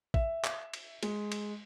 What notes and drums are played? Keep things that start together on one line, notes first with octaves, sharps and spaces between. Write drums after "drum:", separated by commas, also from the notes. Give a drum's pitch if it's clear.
E5, drum: kick
drum: clap
drum: cymbal
G#3, drum: cymbal
drum: cymbal